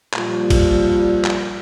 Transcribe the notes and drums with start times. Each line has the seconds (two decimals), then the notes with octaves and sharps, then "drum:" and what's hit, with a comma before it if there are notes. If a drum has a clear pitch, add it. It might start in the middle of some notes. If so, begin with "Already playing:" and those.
0.13 A#2 F3 G3, drum: clap
0.50 drum: kick, cymbal
1.25 drum: clap